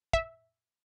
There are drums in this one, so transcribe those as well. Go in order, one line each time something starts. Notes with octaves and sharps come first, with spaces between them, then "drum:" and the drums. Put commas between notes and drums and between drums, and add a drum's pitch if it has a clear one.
E5, drum: kick